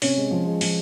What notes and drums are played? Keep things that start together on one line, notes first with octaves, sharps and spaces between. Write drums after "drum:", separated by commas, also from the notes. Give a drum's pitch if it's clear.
C3 C#4 C#5, drum: open hi-hat
G#3
F3
G#3
F3, drum: open hi-hat